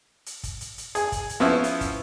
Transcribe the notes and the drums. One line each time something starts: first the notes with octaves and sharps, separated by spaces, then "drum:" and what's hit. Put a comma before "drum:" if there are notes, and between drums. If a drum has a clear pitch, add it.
drum: hi-hat
drum: kick, hi-hat
drum: hi-hat
drum: hi-hat
G#4, drum: hi-hat
drum: kick, hi-hat
drum: hi-hat
F3 B3 C#4 E4
drum: hi-hat
drum: kick, hi-hat